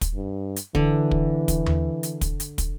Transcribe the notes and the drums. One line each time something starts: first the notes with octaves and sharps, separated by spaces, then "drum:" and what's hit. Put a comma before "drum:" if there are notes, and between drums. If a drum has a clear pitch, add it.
drum: kick, hi-hat
G2
drum: hi-hat
D3 E3, drum: kick
drum: kick
drum: kick, hi-hat
drum: tom D#2
drum: hi-hat
drum: kick, hi-hat
drum: hi-hat
drum: kick, hi-hat